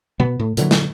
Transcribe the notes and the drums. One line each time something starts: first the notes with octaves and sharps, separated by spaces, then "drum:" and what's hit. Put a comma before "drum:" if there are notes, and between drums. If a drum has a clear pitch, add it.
B2 B3
A2
A#2 D3 E3 F#3, drum: hi-hat
drum: snare